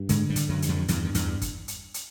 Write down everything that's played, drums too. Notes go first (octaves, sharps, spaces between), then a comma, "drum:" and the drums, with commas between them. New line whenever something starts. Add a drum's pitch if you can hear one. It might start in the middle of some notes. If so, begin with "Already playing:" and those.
Already playing: G2
G#2 D3 G#3, drum: hi-hat
G2 G3
D3, drum: hi-hat
F#2 F#3
G2, drum: hi-hat
F2 F3
E2 G2 E3, drum: hi-hat
D#3
E2 G2 E3, drum: hi-hat
drum: kick G1, hi-hat
drum: hi-hat
drum: hi-hat